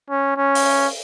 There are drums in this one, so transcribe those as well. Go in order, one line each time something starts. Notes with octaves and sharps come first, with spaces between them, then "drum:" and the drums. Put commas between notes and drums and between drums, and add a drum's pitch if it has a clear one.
C#4
C#4
drum: open hi-hat